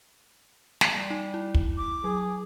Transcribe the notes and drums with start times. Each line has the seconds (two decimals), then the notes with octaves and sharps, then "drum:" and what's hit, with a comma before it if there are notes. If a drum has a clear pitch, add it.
0.81 drum: snare
0.94 G3
1.10 D#4
1.34 E4
1.55 drum: kick
1.77 D6
2.04 F#3 G#4